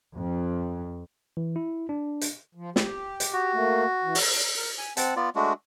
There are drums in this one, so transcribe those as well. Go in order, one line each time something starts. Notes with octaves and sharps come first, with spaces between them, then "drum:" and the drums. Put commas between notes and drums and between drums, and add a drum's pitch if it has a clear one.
F2
E3
E4
D4
drum: hi-hat
F3
G4, drum: snare
drum: hi-hat
F#4
A3 A#3
E3
drum: open hi-hat
A#4
G#5
C4 F#5 A5, drum: hi-hat
B3 F4 D5
G#3 A3 D4 F#4